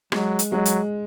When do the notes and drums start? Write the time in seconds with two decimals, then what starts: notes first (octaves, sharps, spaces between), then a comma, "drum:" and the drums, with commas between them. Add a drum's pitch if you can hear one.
0.12 F#3 G#3, drum: rim click
0.39 drum: hi-hat
0.52 F#3 G#3
0.65 drum: hi-hat